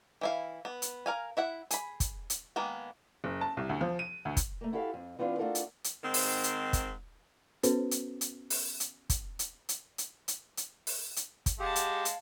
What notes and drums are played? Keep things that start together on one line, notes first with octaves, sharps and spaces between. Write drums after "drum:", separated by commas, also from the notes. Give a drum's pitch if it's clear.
E3 E4 F5
B3
drum: hi-hat
A#4 F5 G#5
E4 E5 F#5
G#4 B5, drum: hi-hat
drum: kick, hi-hat
drum: hi-hat
D#3 G#3 A#3 B3
F#1
A5
C2
D2
F3
D#7
D2
drum: kick, hi-hat
A3 A#3
E4 F#4 G4 A4 D5 F5
F2
E3 B3 C4 D4 F4
A3 D4 F4 F#4 A4 A#4
drum: hi-hat
drum: hi-hat
G#2 D#3 C4 C5
drum: open hi-hat
drum: hi-hat
drum: kick, hi-hat
B3 C#4 F#4 A4 B4 C5, drum: hi-hat
drum: hi-hat
drum: hi-hat
drum: open hi-hat
drum: hi-hat
drum: kick, hi-hat
drum: hi-hat
drum: hi-hat
drum: hi-hat
drum: hi-hat
drum: hi-hat
drum: open hi-hat
drum: hi-hat
drum: kick, hi-hat
G#3 G4 F5 F#5 A5
drum: hi-hat
drum: hi-hat